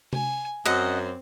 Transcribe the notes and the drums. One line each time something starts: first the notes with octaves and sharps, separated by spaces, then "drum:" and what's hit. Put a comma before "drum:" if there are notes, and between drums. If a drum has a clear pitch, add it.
G#5, drum: tom C3
F#2 C4 D#5 F#5